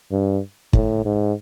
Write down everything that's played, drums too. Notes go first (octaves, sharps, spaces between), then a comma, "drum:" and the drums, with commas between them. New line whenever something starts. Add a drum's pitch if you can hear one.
G2
A2, drum: kick
G#2